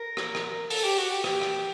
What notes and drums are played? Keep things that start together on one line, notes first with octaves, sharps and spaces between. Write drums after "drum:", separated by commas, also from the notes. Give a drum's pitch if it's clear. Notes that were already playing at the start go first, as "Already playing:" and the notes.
Already playing: A#4
drum: rim click
drum: rim click
A4, drum: open hi-hat
G4
F#4
G4
G4, drum: rim click
drum: rim click